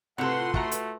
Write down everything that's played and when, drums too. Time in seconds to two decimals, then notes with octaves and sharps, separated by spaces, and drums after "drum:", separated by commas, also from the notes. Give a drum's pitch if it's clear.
0.18 A2 C3 F4 A4 B4 F#5 C6
0.54 A3 F#4 F#5 A#5, drum: kick
0.72 drum: hi-hat